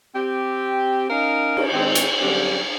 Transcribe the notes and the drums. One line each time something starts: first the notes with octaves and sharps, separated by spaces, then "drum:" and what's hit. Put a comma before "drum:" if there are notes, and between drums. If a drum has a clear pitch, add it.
C4 G4
C#4 D#4 A#4 F5
drum: cymbal
D#3 G#3 C4
drum: hi-hat
D3 F#3 G3 C4 C#4